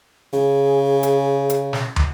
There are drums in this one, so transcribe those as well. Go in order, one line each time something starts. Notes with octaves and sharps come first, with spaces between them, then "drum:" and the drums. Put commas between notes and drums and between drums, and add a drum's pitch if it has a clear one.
C#3 G#4
drum: hi-hat
drum: hi-hat
drum: snare
drum: tom